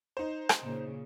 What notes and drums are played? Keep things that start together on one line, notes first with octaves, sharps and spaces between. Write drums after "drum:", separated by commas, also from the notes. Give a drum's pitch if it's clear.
D#4 C5
drum: rim click
A#2 C#3